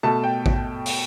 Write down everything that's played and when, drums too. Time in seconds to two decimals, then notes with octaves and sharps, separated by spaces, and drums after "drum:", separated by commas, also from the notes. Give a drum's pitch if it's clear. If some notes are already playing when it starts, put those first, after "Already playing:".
0.03 B2 A3 A5
0.24 G5
0.46 drum: kick A1
0.86 drum: open hi-hat